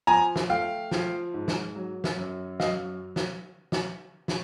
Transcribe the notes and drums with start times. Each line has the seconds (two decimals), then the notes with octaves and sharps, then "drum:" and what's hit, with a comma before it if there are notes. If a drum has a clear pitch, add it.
0.07 F3 G#5 A#5
0.36 drum: snare
0.50 A3 F5 G5
0.91 F3, drum: snare
1.34 G#2
1.48 drum: snare
1.76 F#3
2.04 drum: snare
2.18 F#2
2.60 F#3 D#5 F5, drum: snare
3.16 drum: snare
3.72 drum: snare
4.28 drum: snare